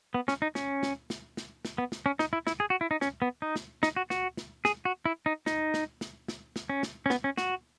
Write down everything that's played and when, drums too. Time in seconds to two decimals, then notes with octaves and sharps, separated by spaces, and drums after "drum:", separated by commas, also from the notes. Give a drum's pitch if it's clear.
0.14 B3
0.28 C#4, drum: snare
0.42 D#4
0.55 C#4, drum: snare
0.83 drum: snare
1.10 drum: snare
1.37 drum: snare
1.65 drum: snare
1.78 B3
1.92 drum: snare
2.06 C#4
2.19 D#4, drum: snare
2.33 E4
2.47 E4, drum: snare
2.60 G#4
2.70 F#4
2.81 E4
2.91 D#4
3.01 C#4, drum: snare
3.22 B3
3.42 D#4
3.56 drum: snare
3.83 D#4, drum: snare
3.96 F#4
4.10 F#4, drum: snare
4.37 drum: snare
4.65 G#4, drum: snare
4.85 F#4
5.06 E4
5.26 D#4
5.46 D#4, drum: snare
5.74 drum: snare
6.01 drum: snare
6.28 drum: snare
6.56 drum: snare
6.70 C#4
6.83 drum: snare
7.06 C#4
7.10 B3, drum: snare
7.24 C#4
7.37 F#4, drum: snare